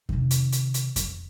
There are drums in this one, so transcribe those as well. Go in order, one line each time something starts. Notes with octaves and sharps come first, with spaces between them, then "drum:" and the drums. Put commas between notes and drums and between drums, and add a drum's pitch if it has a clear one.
C3 D#3, drum: kick F2
drum: hi-hat
drum: hi-hat
drum: hi-hat
drum: kick F2, hi-hat